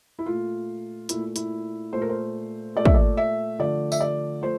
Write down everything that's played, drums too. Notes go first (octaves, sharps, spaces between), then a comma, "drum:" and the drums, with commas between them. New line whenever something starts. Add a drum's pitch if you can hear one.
E4
A#2 A3 F4
A#2 A3 E4, drum: hi-hat
E4, drum: hi-hat
A#2 A3 C5
A#4
C5
A#2 A3 D5
E5, drum: kick
D5
E5
D3 F3 A3 D5
E5, drum: tambourine
D5
F3 A3 C5